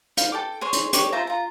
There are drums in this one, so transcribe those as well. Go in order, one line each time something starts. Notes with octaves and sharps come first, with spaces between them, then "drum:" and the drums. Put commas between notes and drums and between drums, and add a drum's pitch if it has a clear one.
C5 F5, drum: hi-hat
A4 G5 D6
G#4 C5 C#5 C6
drum: hi-hat
G4 C#5 C#6 D6, drum: hi-hat
F4 C5 E5 A#5
F4 A#5